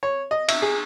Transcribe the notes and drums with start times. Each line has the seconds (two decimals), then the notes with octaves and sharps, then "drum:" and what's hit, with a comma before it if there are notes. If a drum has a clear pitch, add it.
0.03 C#5
0.31 D#5
0.48 E5, drum: cymbal
0.62 G#4